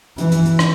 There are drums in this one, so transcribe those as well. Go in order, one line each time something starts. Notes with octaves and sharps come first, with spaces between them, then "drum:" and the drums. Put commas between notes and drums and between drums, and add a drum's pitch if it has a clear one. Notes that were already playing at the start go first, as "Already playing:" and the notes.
E3, drum: hi-hat
drum: hi-hat
drum: hi-hat
drum: rim click